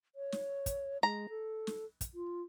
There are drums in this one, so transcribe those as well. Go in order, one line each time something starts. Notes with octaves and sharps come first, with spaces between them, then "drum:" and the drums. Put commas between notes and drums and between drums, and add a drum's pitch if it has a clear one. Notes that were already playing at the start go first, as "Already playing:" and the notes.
C#5
drum: snare
drum: kick, hi-hat
G#3 A#5
A4
drum: snare
drum: kick, hi-hat
F4